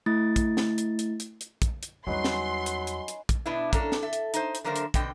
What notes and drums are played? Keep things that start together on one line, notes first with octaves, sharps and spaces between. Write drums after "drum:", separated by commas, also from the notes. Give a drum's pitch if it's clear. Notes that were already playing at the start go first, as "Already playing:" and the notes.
A3 E4 A6
drum: kick, hi-hat
drum: snare
drum: hi-hat
drum: hi-hat
drum: hi-hat
drum: hi-hat
drum: kick, hi-hat
drum: hi-hat
E2 F#3 G3 C#4 D#4 B4 C6
drum: snare
drum: hi-hat
drum: hi-hat
drum: hi-hat
drum: kick, hi-hat
B2 B3 D4 E4
A#3 C#4 D4 A4, drum: kick, hi-hat
drum: snare
A4 E5
drum: hi-hat
D#4 C5, drum: hi-hat
drum: hi-hat
D3 F#3 A3 A#3 A#4 C5
drum: hi-hat
B2 D3 C4 D#5 G5, drum: kick, hi-hat